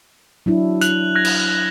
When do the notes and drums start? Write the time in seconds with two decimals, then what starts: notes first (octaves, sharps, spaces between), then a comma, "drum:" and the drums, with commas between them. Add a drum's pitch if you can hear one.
0.46 F#3 D4 E4
0.81 F#6 F7 F#7, drum: hi-hat
1.15 F#6 G#6 A#6
1.25 drum: cymbal